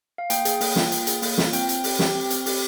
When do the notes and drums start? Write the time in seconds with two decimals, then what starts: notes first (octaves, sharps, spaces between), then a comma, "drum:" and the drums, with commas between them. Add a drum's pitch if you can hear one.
0.18 F5
0.30 A#3 G5, drum: hi-hat
0.45 G#4, drum: hi-hat
0.61 A#3, drum: open hi-hat
0.76 F4, drum: snare
0.92 A#3, drum: hi-hat
1.07 G#4, drum: hi-hat
1.22 A#3, drum: open hi-hat
1.38 F4, drum: snare
1.53 C4 G5, drum: hi-hat
1.69 C4, drum: hi-hat
1.84 G4, drum: open hi-hat
1.99 G4, drum: snare
2.15 C4
2.30 C4, drum: hi-hat
2.46 G4, drum: open hi-hat